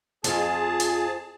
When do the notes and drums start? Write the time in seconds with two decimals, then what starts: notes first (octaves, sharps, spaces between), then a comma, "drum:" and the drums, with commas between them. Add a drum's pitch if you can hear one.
0.24 F2 F4 G#4 A5, drum: hi-hat
0.80 drum: hi-hat